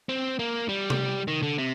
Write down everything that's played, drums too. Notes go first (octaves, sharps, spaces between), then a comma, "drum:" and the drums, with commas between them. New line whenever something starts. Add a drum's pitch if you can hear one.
C4
A#3
G3
drum: tom C3
D#3
D3
C3